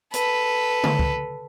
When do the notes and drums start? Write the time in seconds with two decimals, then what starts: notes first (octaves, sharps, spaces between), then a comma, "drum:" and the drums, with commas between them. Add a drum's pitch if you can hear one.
0.14 A4 B4, drum: hi-hat
0.84 drum: tom C#3
0.99 drum: kick